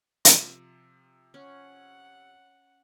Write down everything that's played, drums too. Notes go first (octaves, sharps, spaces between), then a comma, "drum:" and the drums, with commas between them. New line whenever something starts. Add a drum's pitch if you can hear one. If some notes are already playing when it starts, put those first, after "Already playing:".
C3 F3, drum: hi-hat
C#4 F#5